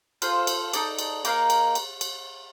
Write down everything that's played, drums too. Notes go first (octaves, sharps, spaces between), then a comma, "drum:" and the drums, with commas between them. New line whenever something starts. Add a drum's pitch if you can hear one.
F4 A4 C5, drum: cymbal
drum: cymbal
D#4 A4 D5, drum: cymbal
drum: cymbal
A#3 D#4 A#4 F5, drum: cymbal
drum: cymbal
drum: cymbal
drum: cymbal